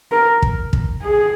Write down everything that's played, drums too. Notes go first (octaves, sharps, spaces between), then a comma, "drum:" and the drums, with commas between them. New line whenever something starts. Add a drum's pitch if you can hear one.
A#4
drum: kick
drum: kick
G#4